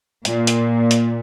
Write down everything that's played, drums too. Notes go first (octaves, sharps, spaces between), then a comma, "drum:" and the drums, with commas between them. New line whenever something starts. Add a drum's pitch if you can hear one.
A#2, drum: hi-hat
drum: hi-hat
drum: hi-hat